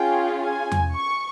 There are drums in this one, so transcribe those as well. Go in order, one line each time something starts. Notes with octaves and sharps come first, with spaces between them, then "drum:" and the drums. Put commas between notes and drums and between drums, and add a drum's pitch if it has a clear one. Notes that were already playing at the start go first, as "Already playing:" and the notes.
Already playing: C#4 F4 G#4 G5
G#5
drum: tom E2
C#6